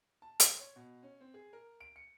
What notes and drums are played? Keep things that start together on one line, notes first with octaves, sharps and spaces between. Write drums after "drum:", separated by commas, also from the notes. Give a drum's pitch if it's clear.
A5
C6, drum: hi-hat
C#5
B2
C#4
C4
G#4
A#4
D7
C#7